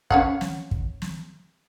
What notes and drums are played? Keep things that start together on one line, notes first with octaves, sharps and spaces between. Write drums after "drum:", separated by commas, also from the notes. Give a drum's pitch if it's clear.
C#4 F5 F#5, drum: kick
drum: snare
drum: kick
drum: snare